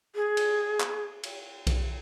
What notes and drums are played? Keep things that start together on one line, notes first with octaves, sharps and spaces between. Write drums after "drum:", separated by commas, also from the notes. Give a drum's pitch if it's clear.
G#4
drum: cymbal
drum: clap
drum: cymbal
drum: kick B1, cymbal